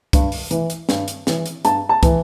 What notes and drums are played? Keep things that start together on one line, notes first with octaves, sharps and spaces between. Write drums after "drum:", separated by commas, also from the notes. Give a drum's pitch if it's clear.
G2, drum: kick, hi-hat
drum: open hi-hat
E3, drum: hi-hat
drum: hi-hat
G2, drum: snare
drum: hi-hat
E3, drum: snare
drum: hi-hat
G2 A5, drum: hi-hat
A5
E3, drum: kick, hi-hat